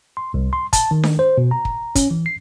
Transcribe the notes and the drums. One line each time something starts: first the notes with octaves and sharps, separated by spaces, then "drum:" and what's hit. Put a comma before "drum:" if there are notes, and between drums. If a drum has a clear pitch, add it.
C6
C2
C6
A5, drum: kick, hi-hat
D#3
drum: snare D4
C5
B2
A#5
drum: kick
C#4, drum: kick, hi-hat
E3
C7